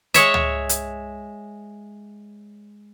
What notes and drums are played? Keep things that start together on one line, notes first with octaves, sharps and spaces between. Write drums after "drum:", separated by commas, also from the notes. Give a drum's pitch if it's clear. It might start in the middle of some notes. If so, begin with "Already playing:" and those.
G#3 C#5 E5, drum: hi-hat
drum: tom C#2
drum: hi-hat